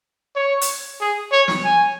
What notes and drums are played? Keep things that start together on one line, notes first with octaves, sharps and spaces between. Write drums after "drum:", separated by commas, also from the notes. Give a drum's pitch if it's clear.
C#5
drum: hi-hat
G#4
C#5
drum: snare
G#5